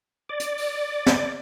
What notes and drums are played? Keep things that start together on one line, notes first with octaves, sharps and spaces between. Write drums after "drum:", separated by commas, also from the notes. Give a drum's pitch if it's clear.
D5
drum: hi-hat
drum: open hi-hat
drum: snare